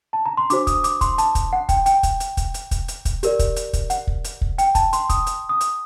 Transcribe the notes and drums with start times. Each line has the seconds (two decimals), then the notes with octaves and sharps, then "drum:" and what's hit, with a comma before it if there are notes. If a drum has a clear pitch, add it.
0.13 A5
0.26 A#5
0.37 C6
0.50 D4 F#4 C5 D6, drum: hi-hat
0.67 D#6, drum: kick, hi-hat
0.84 D6, drum: hi-hat
1.01 C6, drum: kick, hi-hat
1.18 A5, drum: hi-hat
1.35 drum: kick, hi-hat
1.53 F#5
1.69 G5, drum: kick, hi-hat
1.86 G5, drum: hi-hat
2.03 drum: kick, hi-hat
2.20 drum: hi-hat
2.37 drum: kick, hi-hat
2.54 drum: hi-hat
2.71 drum: kick, hi-hat
2.88 drum: hi-hat
3.05 drum: kick, hi-hat
3.23 G4 A#4 D5, drum: hi-hat
3.39 drum: kick, hi-hat
3.56 drum: hi-hat
3.73 drum: kick, hi-hat
3.90 F#5, drum: hi-hat
4.07 drum: kick
4.24 drum: hi-hat
4.41 drum: kick
4.58 G5, drum: hi-hat
4.75 A5, drum: kick, hi-hat
4.93 C6, drum: hi-hat
5.09 D#6, drum: kick, hi-hat
5.27 drum: hi-hat
5.49 D#6
5.61 drum: hi-hat